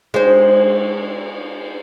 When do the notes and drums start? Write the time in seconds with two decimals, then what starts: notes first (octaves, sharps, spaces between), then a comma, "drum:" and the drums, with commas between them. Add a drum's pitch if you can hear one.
0.14 G#3 C5, drum: cymbal